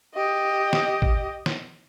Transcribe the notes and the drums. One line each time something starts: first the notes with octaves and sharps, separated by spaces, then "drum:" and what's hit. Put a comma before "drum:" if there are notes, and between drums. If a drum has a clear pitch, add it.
G4 D#5
drum: snare
drum: kick
drum: snare